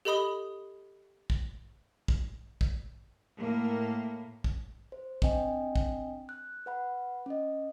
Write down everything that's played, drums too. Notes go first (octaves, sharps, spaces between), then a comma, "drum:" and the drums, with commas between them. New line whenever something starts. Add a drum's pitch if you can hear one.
G4 A4 D#5 B5 D#6 G7
drum: kick
drum: kick
drum: kick
A2 A#3
drum: kick
C5
C4 D4 D#5 G5 G#5, drum: kick
drum: kick
F#6
B4 F#5 B5
C#4 D#5